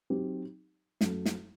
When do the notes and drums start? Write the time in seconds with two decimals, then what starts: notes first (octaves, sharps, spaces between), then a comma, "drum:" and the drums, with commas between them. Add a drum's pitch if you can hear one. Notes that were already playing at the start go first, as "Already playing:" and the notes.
0.10 F#3 C4 D#4 G4
1.01 F#2 F#3 A3, drum: snare
1.25 drum: snare